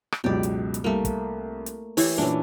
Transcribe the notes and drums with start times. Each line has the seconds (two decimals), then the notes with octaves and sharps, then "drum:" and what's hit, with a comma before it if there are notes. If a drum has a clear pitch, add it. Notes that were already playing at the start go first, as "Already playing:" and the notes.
0.12 drum: rim click
0.24 C#2 F#2 B2 G4 D5
0.43 drum: hi-hat
0.74 drum: hi-hat
0.84 C2 A3 A#3
1.05 drum: kick, hi-hat
1.66 drum: hi-hat
1.97 E3 E4 G4 C#5, drum: open hi-hat
2.18 A#2 E3 C#4 D4